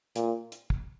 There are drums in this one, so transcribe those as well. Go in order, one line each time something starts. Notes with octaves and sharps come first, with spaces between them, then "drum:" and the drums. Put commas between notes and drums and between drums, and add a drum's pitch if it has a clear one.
A#2, drum: hi-hat
drum: hi-hat
drum: kick